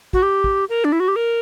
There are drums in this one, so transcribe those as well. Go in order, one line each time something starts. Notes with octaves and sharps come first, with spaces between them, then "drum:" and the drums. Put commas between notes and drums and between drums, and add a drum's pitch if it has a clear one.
F#4, drum: kick
G4
drum: kick
A#4
D4
E4
F#4
G4
A#4